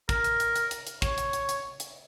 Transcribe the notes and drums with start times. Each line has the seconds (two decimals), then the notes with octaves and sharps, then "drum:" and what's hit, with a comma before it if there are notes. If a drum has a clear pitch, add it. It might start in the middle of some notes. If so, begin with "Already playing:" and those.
0.09 A#4, drum: kick, hi-hat
0.24 drum: hi-hat
0.40 drum: hi-hat
0.56 drum: hi-hat
0.71 drum: hi-hat
0.87 drum: hi-hat
1.02 C#5, drum: kick, hi-hat
1.18 drum: hi-hat
1.33 drum: hi-hat
1.49 drum: hi-hat
1.80 drum: hi-hat